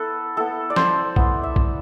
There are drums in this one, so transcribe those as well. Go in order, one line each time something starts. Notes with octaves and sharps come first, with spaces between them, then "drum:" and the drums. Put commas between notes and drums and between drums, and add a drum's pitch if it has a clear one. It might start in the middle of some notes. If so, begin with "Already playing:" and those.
Already playing: B3 E4 A4 B4
B3 E4 A4
D5
C5, drum: snare
B3 E4, drum: kick
E5
drum: kick